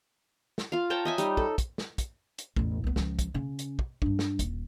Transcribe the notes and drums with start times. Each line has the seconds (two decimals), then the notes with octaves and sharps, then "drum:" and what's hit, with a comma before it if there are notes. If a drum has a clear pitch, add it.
0.58 drum: snare
0.72 F4 F5
0.90 C#5 G5 A5 A#5
1.05 D#5 E5 G#5
1.18 G3 D#4, drum: hi-hat
1.37 A4, drum: kick
1.58 drum: kick, hi-hat
1.78 drum: snare
1.98 drum: kick, hi-hat
2.38 drum: hi-hat
2.56 A1 E2, drum: kick
2.84 C2 B3
2.96 C#2 F3, drum: snare
3.19 drum: kick, hi-hat
3.34 C#3 C#4
3.59 drum: hi-hat
3.79 drum: kick
4.02 G2 D4, drum: kick
4.19 drum: snare
4.39 D#1, drum: kick, hi-hat